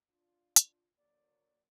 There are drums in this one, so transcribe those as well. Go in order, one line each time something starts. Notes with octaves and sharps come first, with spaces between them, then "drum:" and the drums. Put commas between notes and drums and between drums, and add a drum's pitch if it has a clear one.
D4 F4
drum: hi-hat
D3 F#3 A#3 D5